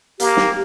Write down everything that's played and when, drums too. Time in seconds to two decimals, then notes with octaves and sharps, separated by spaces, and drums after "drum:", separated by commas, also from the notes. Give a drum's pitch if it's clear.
0.20 A#3 G4, drum: hi-hat
0.37 drum: snare